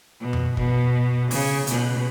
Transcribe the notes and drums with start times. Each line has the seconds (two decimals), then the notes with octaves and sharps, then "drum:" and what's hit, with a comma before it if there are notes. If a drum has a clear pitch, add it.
0.20 B2
0.33 drum: tom F2
0.57 B2, drum: kick
1.31 C#3, drum: open hi-hat
1.67 B2, drum: hi-hat